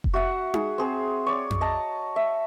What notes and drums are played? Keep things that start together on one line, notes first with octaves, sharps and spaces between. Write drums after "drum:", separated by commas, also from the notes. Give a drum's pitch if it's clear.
drum: kick F1
F#4 E5 F#5
G#4, drum: tom D#4
C4 G#4 C5
C#5 D5
drum: tom F2
D#5 A5 A#5
E5